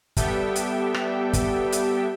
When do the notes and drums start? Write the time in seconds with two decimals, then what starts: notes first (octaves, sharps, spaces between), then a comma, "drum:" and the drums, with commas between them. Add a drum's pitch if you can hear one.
0.17 G3 B3 G4 A4 E5 G5, drum: kick, hi-hat
0.56 drum: hi-hat
0.94 drum: rim click
1.33 drum: kick, hi-hat
1.72 drum: hi-hat